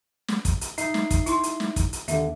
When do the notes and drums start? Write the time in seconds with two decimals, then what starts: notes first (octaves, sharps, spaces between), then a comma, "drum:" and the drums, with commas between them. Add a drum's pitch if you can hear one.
0.28 drum: snare
0.45 drum: kick, hi-hat
0.61 drum: hi-hat
0.78 D#4 E5 C7, drum: hi-hat
0.94 drum: snare
1.11 drum: kick, hi-hat
1.26 E4 C6, drum: hi-hat
1.43 drum: hi-hat
1.60 drum: snare
1.76 drum: kick, hi-hat
1.93 drum: hi-hat
2.08 D#2 D3 E5, drum: hi-hat